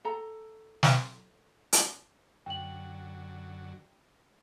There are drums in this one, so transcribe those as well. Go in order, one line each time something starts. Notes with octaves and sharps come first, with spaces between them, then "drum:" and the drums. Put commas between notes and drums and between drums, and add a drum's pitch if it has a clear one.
A4 A#5
drum: snare
drum: hi-hat
F#2 D3 F#3 G5 F#7